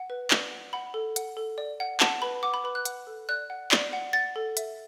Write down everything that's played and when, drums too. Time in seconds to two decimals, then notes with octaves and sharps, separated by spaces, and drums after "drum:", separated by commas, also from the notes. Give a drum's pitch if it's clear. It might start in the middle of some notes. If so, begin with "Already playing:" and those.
Already playing: F#5
0.10 B4
0.31 D5, drum: clap
0.51 F#5
0.73 F#5 B5
0.94 A4
1.16 F#5, drum: hi-hat
1.37 A4
1.58 D5
1.80 F#5
2.00 F#5 A5, drum: clap
2.22 B4 B5
2.43 F#5 D6
2.54 B5
2.64 B4 B5
2.75 F#6
2.85 F#5, drum: hi-hat
3.07 A4
3.29 D5 F#6
3.50 F#5
3.71 D5, drum: clap
3.93 F#5
4.13 F#5 A6
4.36 A4
4.57 E5, drum: hi-hat